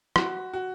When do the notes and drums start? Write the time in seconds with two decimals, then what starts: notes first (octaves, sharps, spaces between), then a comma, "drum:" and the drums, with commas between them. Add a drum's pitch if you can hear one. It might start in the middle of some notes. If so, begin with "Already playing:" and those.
0.16 F#4, drum: rim click
0.53 F#4